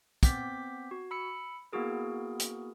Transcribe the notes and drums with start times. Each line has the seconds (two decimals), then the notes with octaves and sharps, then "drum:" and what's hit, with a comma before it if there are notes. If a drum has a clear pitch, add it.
0.23 B3 C4 D6 G6 B6, drum: kick, hi-hat
0.91 F#4
1.11 B5 E6 C#7
1.73 A#3 B3 E4 F#4 G#4 A#4
2.40 drum: hi-hat